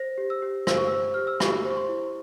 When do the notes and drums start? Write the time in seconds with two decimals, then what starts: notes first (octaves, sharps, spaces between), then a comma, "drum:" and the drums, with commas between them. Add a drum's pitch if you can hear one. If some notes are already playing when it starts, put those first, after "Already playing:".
Already playing: C5 A#6
0.18 G4
0.30 E6
0.42 G4
0.67 C5 E6, drum: rim click
0.78 C#6
0.87 C5 E6
1.14 G4 F6
1.27 E6
1.40 G4 C#6, drum: rim click
1.65 C5
1.71 C#6
1.77 C6
1.88 E4